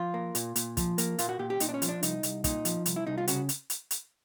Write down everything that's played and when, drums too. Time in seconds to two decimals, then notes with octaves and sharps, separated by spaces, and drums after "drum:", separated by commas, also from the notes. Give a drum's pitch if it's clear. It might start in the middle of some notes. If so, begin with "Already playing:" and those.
Already playing: F3 F4
0.14 A#3
0.35 A#2, drum: hi-hat
0.56 A#2, drum: hi-hat
0.77 F3, drum: kick, hi-hat
0.98 A#3, drum: hi-hat
1.19 A#2 F4, drum: hi-hat
1.29 F#4
1.39 A#2 G4
1.50 G4
1.60 A#2 D#4, drum: hi-hat
1.69 D4
1.74 C#4
1.82 F3, drum: hi-hat
1.89 D4
2.03 C2 D#4, drum: hi-hat
2.23 C2, drum: hi-hat
2.44 A#2 D#4, drum: kick, hi-hat
2.65 F3, drum: hi-hat
2.86 C2, drum: hi-hat
2.96 E4
3.07 C2 D#4
3.18 F4
3.28 C#3 F#4, drum: hi-hat
3.49 drum: hi-hat
3.70 drum: hi-hat
3.91 drum: hi-hat